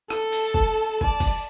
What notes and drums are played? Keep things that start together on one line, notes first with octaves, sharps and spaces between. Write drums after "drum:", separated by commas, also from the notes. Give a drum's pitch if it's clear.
A4 A5, drum: rim click
drum: cymbal
drum: kick
D5 A5, drum: kick
drum: kick, cymbal